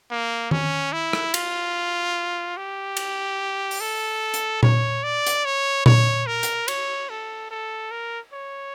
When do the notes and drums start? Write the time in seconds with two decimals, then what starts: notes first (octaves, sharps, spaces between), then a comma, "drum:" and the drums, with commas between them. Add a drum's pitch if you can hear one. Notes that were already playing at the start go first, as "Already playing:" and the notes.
0.11 A#3
0.51 C#4, drum: tom D#3
0.93 E4
1.13 drum: rim click
1.34 F4, drum: cymbal
2.57 G4
2.97 drum: cymbal
3.71 drum: open hi-hat
3.81 A4
4.34 drum: hi-hat
4.63 C#5, drum: tom A#2
5.04 D5
5.27 drum: hi-hat
5.45 C#5
5.86 C#5, drum: tom A#2
6.27 A#4
6.43 drum: hi-hat
6.68 C#5, drum: cymbal
7.10 A4
7.51 A4
7.91 A#4
8.33 C#5